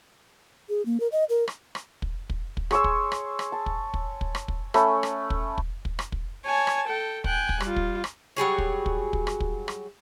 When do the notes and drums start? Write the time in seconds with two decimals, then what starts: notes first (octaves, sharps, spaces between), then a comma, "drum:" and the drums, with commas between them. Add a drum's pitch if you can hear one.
0.69 G#4
0.86 A#3
1.00 A#4
1.12 D#5
1.29 A#4
1.48 drum: rim click
1.75 drum: rim click
2.02 drum: kick
2.30 drum: kick
2.57 drum: kick
2.71 G#4 C#5 C6 E6, drum: rim click
2.84 drum: kick
3.12 drum: rim click
3.39 drum: rim click
3.52 A5
3.66 drum: kick
3.94 drum: kick
4.21 drum: kick
4.35 drum: rim click
4.48 drum: kick
4.74 A3 C#4 B5, drum: rim click
5.03 drum: rim click
5.30 drum: kick
5.58 drum: kick
5.85 drum: kick
5.99 drum: rim click
6.12 drum: kick
6.45 C#5 G#5 A5
6.67 drum: rim click
6.88 A4 G5
7.24 G5 G#5 F#6, drum: kick
7.49 drum: kick
7.60 G3 F4, drum: rim click
7.76 drum: kick
8.04 drum: rim click
8.36 F#3 G3 G#4 C#5
8.58 drum: kick
8.86 drum: kick
9.13 drum: kick
9.27 drum: rim click
9.40 drum: kick
9.68 drum: rim click